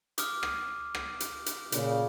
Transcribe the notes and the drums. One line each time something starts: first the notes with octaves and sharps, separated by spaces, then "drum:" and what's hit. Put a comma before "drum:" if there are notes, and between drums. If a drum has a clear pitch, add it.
D6 D#6 F6, drum: hi-hat
drum: rim click
drum: rim click
drum: hi-hat
drum: hi-hat
A#2 C#3, drum: hi-hat